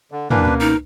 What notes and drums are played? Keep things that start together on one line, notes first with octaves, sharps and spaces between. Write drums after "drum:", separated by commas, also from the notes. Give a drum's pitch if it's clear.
D3
F#2 D3 E3 A#3 D4 B4, drum: tom
B2 C#4
D#4 A#4